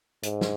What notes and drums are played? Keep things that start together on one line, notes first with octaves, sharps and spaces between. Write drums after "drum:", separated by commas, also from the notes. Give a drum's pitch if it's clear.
G#2, drum: hi-hat
drum: snare